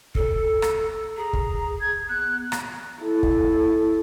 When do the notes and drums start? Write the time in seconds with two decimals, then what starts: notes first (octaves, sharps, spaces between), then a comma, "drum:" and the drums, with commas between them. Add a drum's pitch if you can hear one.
0.15 A4, drum: kick
0.62 drum: rim click
1.17 G#4 A#5
1.33 drum: kick
1.81 G#6
2.09 B3 F#6
2.52 drum: rim click
3.00 E4 A4
3.23 drum: kick